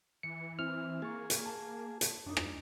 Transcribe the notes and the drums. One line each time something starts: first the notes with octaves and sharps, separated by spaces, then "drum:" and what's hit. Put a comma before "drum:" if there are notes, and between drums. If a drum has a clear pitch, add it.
E3 C#7
C4 E4 F6
A#3 G#4 C#6 A6
drum: hi-hat
A5
drum: hi-hat
F#2 D4 D#4
drum: rim click